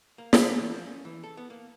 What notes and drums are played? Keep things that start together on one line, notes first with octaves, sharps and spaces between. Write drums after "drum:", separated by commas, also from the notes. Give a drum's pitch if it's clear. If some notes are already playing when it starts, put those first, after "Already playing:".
A#3
C#3, drum: snare
E3
F3
C#4
E3
A4
B3
A#3